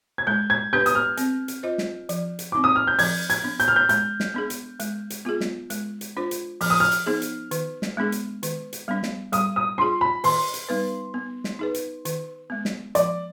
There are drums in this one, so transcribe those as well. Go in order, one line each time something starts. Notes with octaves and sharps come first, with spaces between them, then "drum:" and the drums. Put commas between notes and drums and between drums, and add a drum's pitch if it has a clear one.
G#6
G#3 G6
G#6
B3 D4 G4 B4 G6
D#6, drum: hi-hat
F6
C4, drum: hi-hat
drum: hi-hat
F4 C5 D#5
drum: snare
F3, drum: hi-hat
drum: hi-hat
C4 D#4 D6
D#6
F6
G6
F3 G#6, drum: open hi-hat
G#6, drum: hi-hat
B3 D4
G6, drum: hi-hat
F6
G6
G#3 G6, drum: hi-hat
drum: snare
B3 D4 G#4
drum: hi-hat
G#3, drum: hi-hat
drum: hi-hat
B3 F4 G#4
drum: snare
G#3, drum: hi-hat
drum: hi-hat
D4 F4 C5
drum: hi-hat
F3 F6, drum: open hi-hat
D#6
F6
drum: hi-hat
B3 D#4 G#4 C5
drum: hi-hat
D#3, drum: hi-hat
drum: snare
G#3 B3 D4 G#4
drum: hi-hat
D#3, drum: hi-hat
drum: hi-hat
G3 B3 D4
drum: snare
G3 D#6, drum: hi-hat
D#6
D4 F4 G#4 C6
B5
D#3 C6, drum: open hi-hat
drum: hi-hat
G3 B3 D#4 B4
B3
drum: snare
D#4 G#4 B4
drum: hi-hat
D#3, drum: hi-hat
G#3 B3
drum: snare
F3 D5, drum: hi-hat